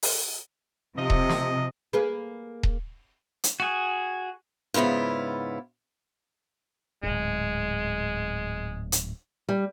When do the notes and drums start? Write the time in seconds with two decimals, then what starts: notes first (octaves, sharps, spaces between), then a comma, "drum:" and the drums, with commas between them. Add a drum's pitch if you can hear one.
0.03 drum: open hi-hat
0.97 C3 F3 D#5
1.10 drum: kick D#1
1.29 drum: snare
1.93 A#3 G#4 B4
2.63 drum: kick D#1
3.44 drum: hi-hat
3.60 F#4 G#4
4.74 G#2 C#3 B3 E4 F4
7.03 D1 G#2 G#3
8.92 drum: hi-hat
9.49 G3